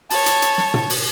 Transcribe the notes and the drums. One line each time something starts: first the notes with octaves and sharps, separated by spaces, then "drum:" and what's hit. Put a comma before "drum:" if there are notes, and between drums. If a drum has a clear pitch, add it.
C#5 A5, drum: open hi-hat
drum: hi-hat
drum: hi-hat
drum: snare
drum: tom
drum: open hi-hat